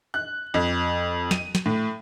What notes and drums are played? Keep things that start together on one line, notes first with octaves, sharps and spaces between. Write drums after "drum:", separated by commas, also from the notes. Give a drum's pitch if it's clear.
F#6
F2
D#7, drum: snare
drum: snare
A2